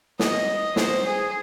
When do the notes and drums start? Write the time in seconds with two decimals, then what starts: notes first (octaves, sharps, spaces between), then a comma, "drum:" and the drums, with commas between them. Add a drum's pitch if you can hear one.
0.19 D#5, drum: snare
0.76 C5, drum: snare
1.05 G#4